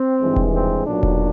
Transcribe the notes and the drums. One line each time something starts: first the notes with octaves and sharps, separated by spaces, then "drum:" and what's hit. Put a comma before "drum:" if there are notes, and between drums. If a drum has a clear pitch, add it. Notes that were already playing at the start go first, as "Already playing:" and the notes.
Already playing: C4
G#1 G2 E3 G#3
drum: kick E1
C4
B1 A#2 F#3 D4
drum: kick E1